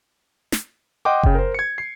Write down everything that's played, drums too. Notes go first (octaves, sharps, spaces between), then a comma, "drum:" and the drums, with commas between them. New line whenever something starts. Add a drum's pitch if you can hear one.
drum: snare
D#5 F#5 G5 C6 D6
C#3 G5, drum: kick F#1
A#4 C5
G#6 C#7
C7